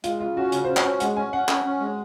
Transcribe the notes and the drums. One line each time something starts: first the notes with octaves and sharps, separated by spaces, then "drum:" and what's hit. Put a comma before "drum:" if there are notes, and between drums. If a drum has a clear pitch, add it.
G#3 F4, drum: hi-hat
C#3 F4
C#4 F#4
C#3, drum: hi-hat
C5
C#4
C#5, drum: clap
C#4
G#3 F#5, drum: hi-hat
C#4 G#5
C#4 F#5
C#4, drum: clap
C#4
G#3